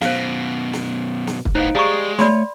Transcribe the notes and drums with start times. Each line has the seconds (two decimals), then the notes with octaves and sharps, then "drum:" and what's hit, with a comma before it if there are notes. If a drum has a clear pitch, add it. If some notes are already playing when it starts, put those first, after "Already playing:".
0.01 F#2 B2 C5 F5, drum: snare
0.73 drum: snare
1.27 drum: snare
1.45 drum: kick
1.55 A2 B3 D#4 C5 D#5 F5
1.75 G#3 G4 G#4 D5 F5 A#5 C#6
2.19 A3 C#5 D5 B5 C6, drum: snare